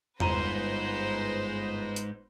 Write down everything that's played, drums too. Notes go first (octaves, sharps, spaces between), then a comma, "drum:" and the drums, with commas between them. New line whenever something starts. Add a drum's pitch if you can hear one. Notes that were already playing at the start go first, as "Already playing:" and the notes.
G1 G#2 B4 C5 A#5 C6 A#6 D#7, drum: tom E2
drum: hi-hat